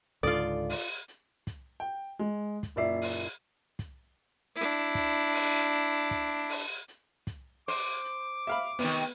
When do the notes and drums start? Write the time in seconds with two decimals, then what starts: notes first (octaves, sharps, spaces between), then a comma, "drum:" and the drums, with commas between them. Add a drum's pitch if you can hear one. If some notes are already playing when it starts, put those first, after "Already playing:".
0.23 C#2 G#2 D3 F4 A4 D5
0.70 drum: open hi-hat
1.08 drum: hi-hat
1.47 drum: kick, hi-hat
1.80 G5
2.19 G#3
2.63 drum: kick, hi-hat
2.76 F#1 A#2 D5 E5 C7
3.02 drum: open hi-hat
3.79 drum: kick, hi-hat
4.56 D4 E4, drum: hi-hat
4.95 drum: kick, hi-hat
5.34 drum: open hi-hat
5.72 drum: hi-hat
6.11 drum: kick, hi-hat
6.50 drum: open hi-hat
6.88 drum: hi-hat
7.27 drum: kick, hi-hat
7.68 C5 D6, drum: open hi-hat
8.04 drum: hi-hat
8.47 E5 F5 B5
8.79 C3 D#3 B3, drum: open hi-hat